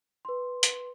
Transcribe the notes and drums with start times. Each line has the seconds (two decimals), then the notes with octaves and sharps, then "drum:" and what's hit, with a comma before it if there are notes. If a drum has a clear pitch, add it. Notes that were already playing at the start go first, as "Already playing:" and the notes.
0.25 B4 C6
0.63 drum: hi-hat